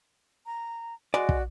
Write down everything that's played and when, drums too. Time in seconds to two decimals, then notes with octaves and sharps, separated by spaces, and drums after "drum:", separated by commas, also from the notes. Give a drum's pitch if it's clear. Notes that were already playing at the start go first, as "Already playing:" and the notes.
0.46 A#5
1.14 G#3 F#4 D5
1.29 drum: kick